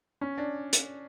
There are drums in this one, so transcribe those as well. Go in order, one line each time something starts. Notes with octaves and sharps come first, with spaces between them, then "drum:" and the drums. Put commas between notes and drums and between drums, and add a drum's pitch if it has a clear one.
C#4
D4
drum: hi-hat